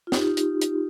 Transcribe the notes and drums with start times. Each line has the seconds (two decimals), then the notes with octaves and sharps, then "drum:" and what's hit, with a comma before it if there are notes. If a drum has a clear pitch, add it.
0.07 F4
0.12 D#4 G4, drum: snare
0.37 drum: hi-hat
0.61 drum: hi-hat